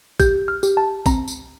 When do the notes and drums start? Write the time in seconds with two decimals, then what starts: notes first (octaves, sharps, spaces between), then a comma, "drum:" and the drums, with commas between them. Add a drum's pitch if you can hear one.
0.20 G4 G6, drum: kick A1, tambourine
0.48 F6
0.63 G4, drum: tambourine
0.77 A5
1.06 C4 A#5, drum: kick A1, tambourine
1.28 drum: tambourine